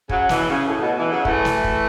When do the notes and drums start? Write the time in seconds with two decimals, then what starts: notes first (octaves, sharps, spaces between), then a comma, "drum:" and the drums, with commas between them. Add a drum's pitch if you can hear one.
0.09 C#3 F#3, drum: kick
0.29 B2 E3, drum: snare
0.49 C#3
0.68 A2
0.82 B2
0.96 B2 E3
1.11 C#3 F#3
1.25 E3 A3, drum: kick
1.45 drum: snare
1.64 drum: kick